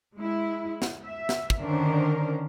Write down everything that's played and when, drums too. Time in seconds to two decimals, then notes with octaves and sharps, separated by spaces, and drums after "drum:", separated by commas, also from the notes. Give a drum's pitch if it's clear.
0.16 G#3 E4
0.82 drum: snare
1.05 E5
1.29 drum: snare
1.50 drum: kick
1.61 D3 D#3 C#4 D4 A#4 C5